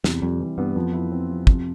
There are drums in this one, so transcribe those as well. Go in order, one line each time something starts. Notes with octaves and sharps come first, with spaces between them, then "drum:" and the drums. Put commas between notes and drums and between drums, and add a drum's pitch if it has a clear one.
E2 C3, drum: snare
F2 G3
E3
G2 B3
F2 F3
E4
C4
F3
C3, drum: kick